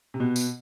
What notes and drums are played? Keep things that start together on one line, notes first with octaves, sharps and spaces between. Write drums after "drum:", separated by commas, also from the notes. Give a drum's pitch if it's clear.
C3
B2 B3
drum: tambourine